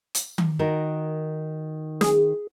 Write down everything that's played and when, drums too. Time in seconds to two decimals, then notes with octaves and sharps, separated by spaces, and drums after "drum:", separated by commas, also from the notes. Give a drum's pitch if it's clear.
0.15 drum: hi-hat
0.38 drum: tom D#3
0.59 D#3 F#4 A#4
2.01 G#4, drum: snare